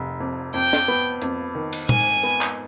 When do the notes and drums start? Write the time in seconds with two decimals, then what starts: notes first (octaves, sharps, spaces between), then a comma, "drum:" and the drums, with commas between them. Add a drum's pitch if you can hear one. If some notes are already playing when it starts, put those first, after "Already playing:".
Already playing: F1
0.20 F2
0.54 F2 G5
0.73 drum: snare
0.88 B3
1.22 F2, drum: hi-hat
1.55 D#3
1.73 drum: cymbal
1.89 G#2 G#5, drum: tom
2.23 B3
2.41 drum: clap